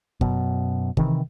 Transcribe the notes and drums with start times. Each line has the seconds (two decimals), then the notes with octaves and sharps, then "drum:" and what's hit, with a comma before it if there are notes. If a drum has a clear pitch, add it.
0.21 F#2 B2, drum: kick G1
0.97 C3 D#3 E3, drum: kick G1